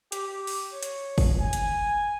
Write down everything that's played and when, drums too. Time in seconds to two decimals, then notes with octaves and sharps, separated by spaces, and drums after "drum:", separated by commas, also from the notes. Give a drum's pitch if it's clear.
0.12 G4, drum: hi-hat
0.47 drum: open hi-hat
0.72 C#5
0.83 drum: hi-hat
1.18 drum: kick, open hi-hat
1.39 G#5
1.53 drum: hi-hat